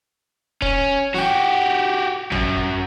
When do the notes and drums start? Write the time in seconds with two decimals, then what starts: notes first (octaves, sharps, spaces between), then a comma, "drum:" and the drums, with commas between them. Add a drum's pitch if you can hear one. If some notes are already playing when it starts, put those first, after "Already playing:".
0.62 C#4, drum: kick D#1
1.14 F#4 G4, drum: snare
2.32 F#2, drum: tom G#1